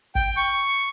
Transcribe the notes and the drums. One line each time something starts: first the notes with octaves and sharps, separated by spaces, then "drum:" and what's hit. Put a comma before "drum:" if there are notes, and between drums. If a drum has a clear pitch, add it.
G5, drum: kick
C#6